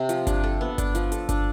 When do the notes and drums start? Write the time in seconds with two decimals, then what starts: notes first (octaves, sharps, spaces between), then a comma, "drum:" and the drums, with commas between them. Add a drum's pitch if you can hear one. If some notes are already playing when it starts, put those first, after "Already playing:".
Already playing: C3 C4
0.09 F3, drum: hi-hat
0.27 D4, drum: kick G1, hi-hat
0.44 A4
0.61 B3
0.78 D4, drum: kick G1, hi-hat
0.95 F3, drum: hi-hat
1.12 A4, drum: hi-hat
1.29 D4, drum: kick G1, hi-hat